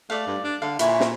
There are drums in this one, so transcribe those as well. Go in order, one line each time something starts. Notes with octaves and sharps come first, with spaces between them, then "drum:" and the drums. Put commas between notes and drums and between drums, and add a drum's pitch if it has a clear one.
A3 D5 F5
G2
D4
D3 F5
A#2 E4 C#5 G#5, drum: hi-hat
drum: snare